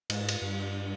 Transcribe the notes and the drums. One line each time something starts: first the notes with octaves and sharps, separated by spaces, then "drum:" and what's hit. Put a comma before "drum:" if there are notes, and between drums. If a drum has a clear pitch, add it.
G#2, drum: cymbal
drum: cymbal
G2